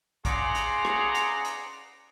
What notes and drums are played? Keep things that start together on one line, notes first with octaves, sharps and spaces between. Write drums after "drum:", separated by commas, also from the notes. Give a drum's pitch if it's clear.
C#3 G#4 D5 F#5 A#5 C6, drum: kick A#1, hi-hat
drum: hi-hat
drum: rim click
drum: hi-hat
drum: hi-hat